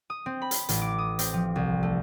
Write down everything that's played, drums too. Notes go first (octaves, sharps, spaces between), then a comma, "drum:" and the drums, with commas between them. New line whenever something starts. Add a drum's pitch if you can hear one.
D#6
C4
B5
drum: hi-hat
A1, drum: hi-hat
D6
D#6
C4, drum: hi-hat
F3
C2
A3